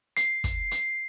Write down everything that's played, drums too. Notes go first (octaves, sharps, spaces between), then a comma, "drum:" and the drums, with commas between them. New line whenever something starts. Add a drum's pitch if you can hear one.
C7, drum: hi-hat
drum: kick, hi-hat
drum: hi-hat